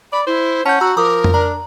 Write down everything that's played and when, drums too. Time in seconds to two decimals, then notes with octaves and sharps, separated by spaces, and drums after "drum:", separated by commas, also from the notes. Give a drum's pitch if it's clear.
0.13 D5 B5
0.27 E4 C5
0.66 C#4 F#5 A5 G6
0.81 F#4 A#5 E6
0.97 F3 A#4 A#5 D6 D#6
1.24 drum: tom F2
1.34 D4 A#5